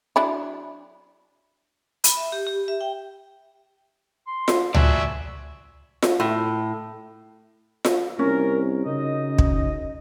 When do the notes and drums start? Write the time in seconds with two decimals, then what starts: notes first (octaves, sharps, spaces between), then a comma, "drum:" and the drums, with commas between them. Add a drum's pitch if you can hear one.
0.16 F#3 D4 E4
2.04 B5, drum: hi-hat
2.17 E5
2.32 G4
2.47 G4
2.68 E5
2.81 G5
4.27 C6
4.48 drum: snare F4
4.74 D4 F#4 E5 G#5, drum: tom C#2
6.03 drum: snare F4
6.20 A2
7.85 drum: snare F4
8.19 C2 C#4 A#4
8.86 F#2 C#3 D#4 D#5
9.39 drum: kick